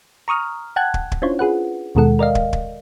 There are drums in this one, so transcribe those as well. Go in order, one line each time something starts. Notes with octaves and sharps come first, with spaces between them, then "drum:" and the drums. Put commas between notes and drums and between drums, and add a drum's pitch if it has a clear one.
A#5 C#6 D#6 F6
F#5 G5 A5 F#6 G#6
drum: kick
drum: kick
C#4 D4 E4 F4 C5 C#5
F4 G#4 B4 F#5
D#2 B2 D#3 G#3 A4 F#5
A#4 D5 D#5 F5
drum: kick
drum: kick